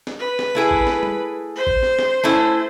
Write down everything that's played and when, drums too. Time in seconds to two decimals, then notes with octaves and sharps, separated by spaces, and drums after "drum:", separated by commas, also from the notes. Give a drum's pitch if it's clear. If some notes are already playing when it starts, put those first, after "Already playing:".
0.07 drum: snare
0.19 B4
0.39 drum: snare
0.55 A3 E4 G#4
0.71 drum: kick
0.87 drum: snare
1.03 drum: tom G3
1.56 C5
1.67 drum: kick
1.83 drum: snare
1.99 drum: snare
2.24 A3 C#4 E4